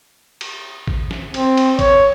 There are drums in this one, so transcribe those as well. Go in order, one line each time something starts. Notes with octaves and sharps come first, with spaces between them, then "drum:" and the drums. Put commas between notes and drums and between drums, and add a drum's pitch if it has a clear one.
drum: cymbal
drum: kick
drum: snare
C4, drum: cymbal
drum: cymbal
C#5, drum: kick, cymbal